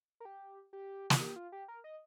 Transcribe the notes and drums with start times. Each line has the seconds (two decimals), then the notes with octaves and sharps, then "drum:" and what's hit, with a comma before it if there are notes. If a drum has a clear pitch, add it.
0.20 A#4
0.25 G4
0.73 G4
1.10 F4, drum: snare
1.21 G4
1.36 F4
1.52 G4
1.68 A#4
1.84 D#5